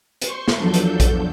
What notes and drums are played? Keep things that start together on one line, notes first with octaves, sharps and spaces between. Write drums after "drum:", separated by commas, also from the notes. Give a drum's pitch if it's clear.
C5 C6 C#6, drum: hi-hat
drum: snare
E2 F3 F#3 D4 A4 G6
drum: hi-hat
drum: kick A#1, hi-hat